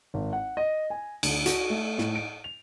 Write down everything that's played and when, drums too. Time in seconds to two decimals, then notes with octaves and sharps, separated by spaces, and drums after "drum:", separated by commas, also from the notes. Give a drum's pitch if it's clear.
0.14 G#1
0.33 F#5
0.57 D#5
0.90 G#5
1.23 D2, drum: cymbal
1.46 F#4, drum: hi-hat
1.70 A3
1.98 A2, drum: snare
2.15 D7
2.44 F7